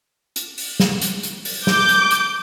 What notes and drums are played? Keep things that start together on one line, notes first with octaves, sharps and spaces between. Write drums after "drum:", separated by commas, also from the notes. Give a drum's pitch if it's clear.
drum: hi-hat
drum: open hi-hat
drum: snare
drum: hi-hat
drum: hi-hat
drum: open hi-hat
D6 G6, drum: snare
drum: hi-hat
drum: hi-hat